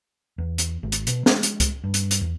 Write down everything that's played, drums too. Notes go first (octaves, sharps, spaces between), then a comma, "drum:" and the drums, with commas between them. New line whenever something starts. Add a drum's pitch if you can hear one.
E2
drum: hi-hat
G#1
drum: hi-hat
B2, drum: hi-hat
G#3, drum: snare
drum: hi-hat
drum: kick C#2, hi-hat
G2
drum: hi-hat
drum: hi-hat
E2